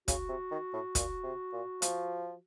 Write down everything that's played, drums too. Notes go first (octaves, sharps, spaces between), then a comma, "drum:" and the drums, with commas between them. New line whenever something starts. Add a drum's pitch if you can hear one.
C#3 F#4, drum: kick, hi-hat
C3
D#3
A2
A#2, drum: kick, hi-hat
C3
A#2
F3, drum: hi-hat